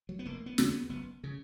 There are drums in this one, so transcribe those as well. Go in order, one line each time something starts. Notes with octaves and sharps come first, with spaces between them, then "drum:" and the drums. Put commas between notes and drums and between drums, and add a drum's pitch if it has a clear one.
F#3
B3
F1 A#3
B3
D#2 C#3, drum: snare
B3
F#1 B3
C#3